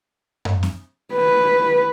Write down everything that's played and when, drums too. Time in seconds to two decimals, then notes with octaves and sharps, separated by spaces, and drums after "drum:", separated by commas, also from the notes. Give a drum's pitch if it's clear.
0.45 drum: tom F#2
0.63 drum: snare C4
1.13 B4